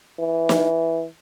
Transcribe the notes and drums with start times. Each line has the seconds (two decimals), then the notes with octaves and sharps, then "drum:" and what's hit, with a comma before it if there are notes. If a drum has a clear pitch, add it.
0.19 E3
0.49 drum: snare